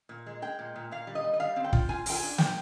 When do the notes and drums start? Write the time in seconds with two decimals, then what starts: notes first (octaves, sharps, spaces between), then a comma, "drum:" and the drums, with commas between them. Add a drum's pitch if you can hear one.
0.09 A#2
0.26 G#3
0.42 G#3 G5
0.59 A#2
0.76 A#2
0.91 A#2 F5
1.07 G3
1.15 D#5
1.24 G3
1.33 D#5
1.40 G3 F5
1.56 C4
1.64 G5
1.73 F4, drum: kick
1.89 F4 G#5
2.06 F4 G5, drum: open hi-hat
2.14 G#5
2.23 D4
2.38 A#2 G5, drum: snare